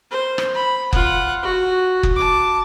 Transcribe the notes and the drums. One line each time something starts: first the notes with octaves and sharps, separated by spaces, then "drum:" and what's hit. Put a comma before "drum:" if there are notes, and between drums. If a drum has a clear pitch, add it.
C5
drum: rim click
B5
F4 F#5, drum: kick F#1
F#4
drum: kick F#1
A5 D6